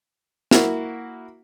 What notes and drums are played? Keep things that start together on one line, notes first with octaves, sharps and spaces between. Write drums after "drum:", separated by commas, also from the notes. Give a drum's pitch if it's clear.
A#3 E4 F#4, drum: snare